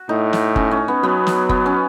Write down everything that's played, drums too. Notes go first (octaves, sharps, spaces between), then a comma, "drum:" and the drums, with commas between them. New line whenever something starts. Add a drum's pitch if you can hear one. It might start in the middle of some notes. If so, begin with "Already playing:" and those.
Already playing: F#4
A2 D#4
drum: snare
C#4, drum: kick F#1
C#4
B3
F#3 B3
drum: snare
B3, drum: kick F#1
C#4